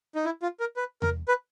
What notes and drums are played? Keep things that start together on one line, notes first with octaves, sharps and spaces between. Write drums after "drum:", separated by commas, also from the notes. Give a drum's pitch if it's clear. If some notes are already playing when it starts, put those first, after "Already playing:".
D#4
E4
F4
A#4
B4
A#4, drum: tom E2
B4